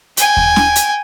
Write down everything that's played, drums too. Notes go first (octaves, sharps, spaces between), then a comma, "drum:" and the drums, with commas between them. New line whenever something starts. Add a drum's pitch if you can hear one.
G5 G#5, drum: hi-hat
drum: kick D#2
drum: snare
drum: hi-hat